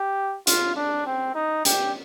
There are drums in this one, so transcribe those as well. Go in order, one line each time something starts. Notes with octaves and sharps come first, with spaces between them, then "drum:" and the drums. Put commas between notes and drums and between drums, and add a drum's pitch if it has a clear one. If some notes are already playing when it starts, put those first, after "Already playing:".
Already playing: G4
F4, drum: hi-hat
D4
C4
D#4
G4, drum: hi-hat